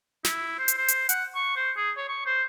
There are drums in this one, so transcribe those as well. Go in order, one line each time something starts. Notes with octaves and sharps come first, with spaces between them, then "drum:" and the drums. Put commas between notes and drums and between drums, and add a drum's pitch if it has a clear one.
E4, drum: snare
C5
drum: hi-hat
C5
drum: hi-hat
F#5, drum: hi-hat
C#6
C5
G#4
C#5
C#6
C5